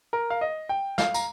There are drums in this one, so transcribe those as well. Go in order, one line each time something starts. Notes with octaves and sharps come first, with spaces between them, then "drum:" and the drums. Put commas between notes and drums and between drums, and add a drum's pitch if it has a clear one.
A#4
F5
D#5
G5
F5, drum: snare
A#5, drum: tambourine